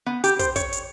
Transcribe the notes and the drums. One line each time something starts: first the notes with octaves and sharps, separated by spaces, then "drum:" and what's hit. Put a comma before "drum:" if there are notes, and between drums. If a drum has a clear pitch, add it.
B3
G4, drum: hi-hat
C5, drum: kick, hi-hat
C#5, drum: kick, hi-hat
drum: hi-hat